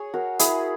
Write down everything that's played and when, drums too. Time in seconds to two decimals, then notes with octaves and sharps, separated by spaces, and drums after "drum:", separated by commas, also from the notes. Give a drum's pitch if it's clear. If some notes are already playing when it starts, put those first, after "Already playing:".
Already playing: G#4 C#5
0.14 F#4 A#4
0.39 E4 G#4, drum: hi-hat